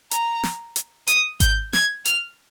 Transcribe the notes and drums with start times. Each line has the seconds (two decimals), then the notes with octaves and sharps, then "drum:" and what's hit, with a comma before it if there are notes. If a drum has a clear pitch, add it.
0.11 A#5, drum: hi-hat
0.43 drum: snare
0.76 drum: hi-hat
1.07 D#6, drum: hi-hat
1.40 G6, drum: kick G#1, hi-hat
1.73 G#6, drum: snare
2.05 F6, drum: hi-hat